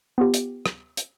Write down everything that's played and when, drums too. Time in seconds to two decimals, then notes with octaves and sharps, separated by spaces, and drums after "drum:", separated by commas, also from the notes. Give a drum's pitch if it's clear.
0.18 B3 F4 G4
0.34 drum: hi-hat
0.66 drum: rim click
0.97 drum: hi-hat